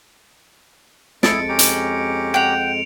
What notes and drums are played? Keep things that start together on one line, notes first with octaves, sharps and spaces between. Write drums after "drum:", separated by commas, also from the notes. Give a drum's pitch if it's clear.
F2 G#3 E4 G#4 A4 A5 C#7 D7, drum: snare
C#4 G4 A#5
drum: hi-hat
F#5 G5 D7 F7